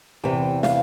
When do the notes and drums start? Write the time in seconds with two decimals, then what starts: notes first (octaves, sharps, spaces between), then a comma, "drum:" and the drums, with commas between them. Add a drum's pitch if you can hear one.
0.24 E2 C3 E3 G5
0.63 F5, drum: snare